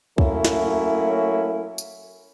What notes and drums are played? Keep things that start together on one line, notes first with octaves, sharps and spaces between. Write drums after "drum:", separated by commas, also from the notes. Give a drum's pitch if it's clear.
F#3 A3 A#3 C#4 E4, drum: kick
drum: snare
drum: tambourine